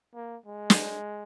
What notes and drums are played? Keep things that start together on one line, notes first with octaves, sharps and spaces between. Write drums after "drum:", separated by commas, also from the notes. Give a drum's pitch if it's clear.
A#3
G#3
drum: snare